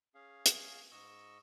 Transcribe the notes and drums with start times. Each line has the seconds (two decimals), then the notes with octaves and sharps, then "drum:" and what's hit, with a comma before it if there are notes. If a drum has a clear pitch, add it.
0.15 C#4 G#4 F5
0.46 drum: hi-hat
0.92 G#2 D#5 C#6 E6